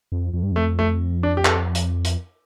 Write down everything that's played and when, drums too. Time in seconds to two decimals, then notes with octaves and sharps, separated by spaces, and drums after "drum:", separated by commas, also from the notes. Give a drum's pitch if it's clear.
0.12 F2
0.34 F2
0.43 G2
0.52 F2 A3
0.79 A3
1.23 D4
1.37 G4
1.45 A4, drum: clap
1.75 drum: hi-hat
2.05 drum: hi-hat